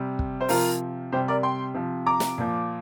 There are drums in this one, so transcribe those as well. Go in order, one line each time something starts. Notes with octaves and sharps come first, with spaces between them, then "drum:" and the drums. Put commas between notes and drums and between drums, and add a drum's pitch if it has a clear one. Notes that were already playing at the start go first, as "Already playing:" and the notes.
Already playing: C3 G3
drum: kick
C5
C3 F3 F4 A#4, drum: open hi-hat
C3 G3 G4 C5
A#4 D5
G5 C6
C3 F3
A#5 D6
drum: snare
A#2 F3